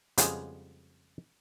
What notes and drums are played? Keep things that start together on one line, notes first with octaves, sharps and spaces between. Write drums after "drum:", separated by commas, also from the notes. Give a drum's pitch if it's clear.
F2 C#3 G3 G#3 B3 G5, drum: hi-hat